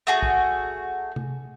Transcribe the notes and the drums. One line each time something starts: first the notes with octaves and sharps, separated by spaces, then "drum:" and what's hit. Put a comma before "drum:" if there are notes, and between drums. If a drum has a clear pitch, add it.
A3 F#4 G#4
drum: kick
drum: tom C3